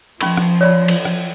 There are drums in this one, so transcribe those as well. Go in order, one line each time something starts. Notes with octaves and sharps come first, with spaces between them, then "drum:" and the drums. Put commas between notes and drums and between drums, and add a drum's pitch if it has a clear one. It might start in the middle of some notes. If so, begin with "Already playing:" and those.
F3 C#4 B5 C#6, drum: cymbal
drum: rim click
C#5 D5 B5
drum: cymbal
drum: rim click